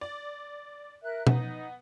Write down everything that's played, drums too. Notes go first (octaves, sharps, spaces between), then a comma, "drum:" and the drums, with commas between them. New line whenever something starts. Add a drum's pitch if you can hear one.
D5
A#4 E5 F#6
B3 D#4, drum: tom B2